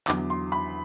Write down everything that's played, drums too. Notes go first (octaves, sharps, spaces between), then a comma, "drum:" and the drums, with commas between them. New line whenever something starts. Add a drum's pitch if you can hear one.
E2 D3 F#3 D6, drum: clap
C6
B5